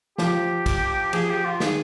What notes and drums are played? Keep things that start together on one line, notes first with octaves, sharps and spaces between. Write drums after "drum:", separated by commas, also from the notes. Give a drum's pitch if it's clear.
F3 G4, drum: snare
drum: kick, cymbal
F3 G#4, drum: cymbal
G4
F4
D#3 G#4, drum: snare